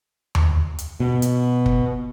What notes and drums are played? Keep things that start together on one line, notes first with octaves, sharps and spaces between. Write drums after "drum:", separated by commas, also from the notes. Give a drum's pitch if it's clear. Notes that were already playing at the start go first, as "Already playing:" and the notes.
drum: tom D#2
drum: hi-hat
B2
drum: hi-hat
drum: kick